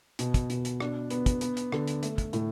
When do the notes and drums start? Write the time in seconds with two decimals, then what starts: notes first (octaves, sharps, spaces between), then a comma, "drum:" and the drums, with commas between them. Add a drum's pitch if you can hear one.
0.19 B2, drum: hi-hat
0.34 drum: kick, hi-hat
0.50 B2, drum: hi-hat
0.65 drum: hi-hat
0.80 D4, drum: rim click
1.10 B3, drum: hi-hat
1.26 drum: kick, hi-hat
1.41 B3, drum: hi-hat
1.57 drum: hi-hat
1.72 D3, drum: rim click
1.88 drum: hi-hat
2.03 A3, drum: hi-hat
2.18 drum: kick, hi-hat
2.33 A2, drum: hi-hat